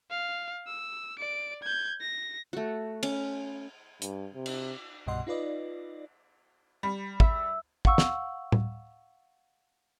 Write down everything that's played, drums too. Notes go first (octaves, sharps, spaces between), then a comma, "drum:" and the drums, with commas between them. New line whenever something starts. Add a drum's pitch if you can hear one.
F5
E6
D5 D7
G6 G#6
A#6
A3 F#4
C#4, drum: cymbal
G2, drum: hi-hat
C3
drum: cymbal
C2 G2 B2 D#5 F#5 C6
D#4 F4 B4 D5 D#5
G3
E5 E6, drum: kick
F5 F#5 C#6 E6, drum: kick
drum: snare
drum: tom A2